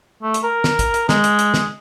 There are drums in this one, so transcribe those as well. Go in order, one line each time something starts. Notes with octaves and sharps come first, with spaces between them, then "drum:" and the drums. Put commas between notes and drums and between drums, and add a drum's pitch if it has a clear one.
A3
drum: hi-hat
A#4
drum: snare
drum: kick, hi-hat
drum: hi-hat
G#3, drum: snare
drum: hi-hat
drum: hi-hat
drum: snare